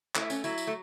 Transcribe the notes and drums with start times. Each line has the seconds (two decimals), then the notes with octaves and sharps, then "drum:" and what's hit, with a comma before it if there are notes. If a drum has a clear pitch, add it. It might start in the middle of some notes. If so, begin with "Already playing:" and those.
0.15 A3 E4, drum: clap
0.30 C#4, drum: tambourine
0.44 F#3 E4, drum: tambourine
0.58 drum: tambourine
0.67 A3